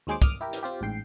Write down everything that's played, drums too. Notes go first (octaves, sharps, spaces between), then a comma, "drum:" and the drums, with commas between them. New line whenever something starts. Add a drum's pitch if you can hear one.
D#2 F#3 G#3 G#4 C5 D6
D6 D#6 F6, drum: kick, hi-hat
E4 G4 A#4
drum: hi-hat
C4 F4 G4
A1 G#2 G5 C7